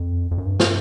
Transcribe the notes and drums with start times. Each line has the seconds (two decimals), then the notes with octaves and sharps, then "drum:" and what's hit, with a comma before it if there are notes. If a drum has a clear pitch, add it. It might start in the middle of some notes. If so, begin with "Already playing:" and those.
Already playing: F2
0.31 F2
0.38 F#2
0.45 G2
0.60 drum: snare